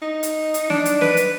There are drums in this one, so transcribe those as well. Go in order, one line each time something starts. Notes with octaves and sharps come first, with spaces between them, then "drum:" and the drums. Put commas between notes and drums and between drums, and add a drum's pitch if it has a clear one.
D#4
drum: hi-hat
drum: hi-hat
D4, drum: snare
drum: hi-hat
B4, drum: snare
drum: hi-hat